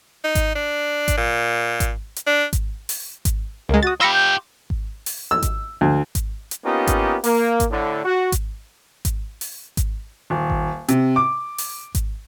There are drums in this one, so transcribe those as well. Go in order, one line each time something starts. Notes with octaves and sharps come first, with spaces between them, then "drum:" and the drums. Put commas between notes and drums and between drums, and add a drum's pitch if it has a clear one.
D#4
drum: kick G#1, hi-hat
D4
drum: kick G#1, hi-hat
A#2
drum: kick G#1, hi-hat
drum: hi-hat
D4
drum: kick G#1, hi-hat
drum: open hi-hat
drum: kick G#1, hi-hat
C#2 G#3 A#4
F#4 D#6 A6
F4 G4 B5 E6 A#6 C#7
G6
drum: kick G#1
drum: open hi-hat
E6
drum: kick G#1, hi-hat
D2
drum: kick G#1, hi-hat
drum: hi-hat
A#3 B3 C#4 D#4 F4 G4
drum: kick G#1, hi-hat
A#3, drum: open hi-hat
drum: kick G#1, hi-hat
A2 D3
F#4
drum: kick G#1, hi-hat
drum: kick G#1, hi-hat
drum: open hi-hat
drum: kick G#1, hi-hat
D#1
drum: kick G#1
C3, drum: hi-hat
D6
drum: open hi-hat
drum: kick G#1, hi-hat